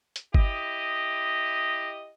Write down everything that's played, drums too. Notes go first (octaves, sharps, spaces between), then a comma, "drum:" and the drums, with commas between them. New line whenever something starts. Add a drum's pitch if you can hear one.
drum: hi-hat
E4 G4 D#5, drum: kick G1